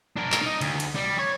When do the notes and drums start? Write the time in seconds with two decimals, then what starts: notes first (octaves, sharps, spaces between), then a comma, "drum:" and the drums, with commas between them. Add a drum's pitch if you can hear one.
0.16 D4 A#4
0.32 drum: clap
0.42 D#4 D#5
0.61 D2, drum: cymbal
0.80 drum: cymbal
0.96 G3
1.19 C#5